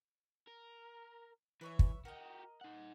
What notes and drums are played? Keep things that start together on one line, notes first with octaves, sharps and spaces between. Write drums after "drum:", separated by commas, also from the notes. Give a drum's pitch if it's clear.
A#4
E3 B4 C#5 E5
drum: kick
F#4 G4 A#4 D#5
D#4 F#5